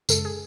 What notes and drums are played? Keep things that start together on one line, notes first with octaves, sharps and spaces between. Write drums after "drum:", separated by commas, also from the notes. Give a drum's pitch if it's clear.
F#2 C#3 G#3 A4, drum: tambourine
G#4